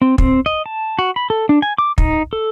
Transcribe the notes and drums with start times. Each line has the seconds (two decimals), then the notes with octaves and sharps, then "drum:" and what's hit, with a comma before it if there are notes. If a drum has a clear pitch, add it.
0.02 C4
0.18 C4, drum: kick
0.46 D#5
0.66 A5
0.99 F#4
1.16 B5
1.30 A4
1.49 D4
1.62 G#5
1.78 D6
1.98 D#4, drum: kick
2.33 A4